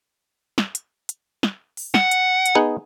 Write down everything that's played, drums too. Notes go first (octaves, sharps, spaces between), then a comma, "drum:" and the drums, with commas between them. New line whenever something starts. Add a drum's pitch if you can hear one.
drum: snare
drum: hi-hat
drum: hi-hat
drum: snare
drum: open hi-hat
F#5, drum: snare
drum: hi-hat
drum: hi-hat
B3 D#4 G#4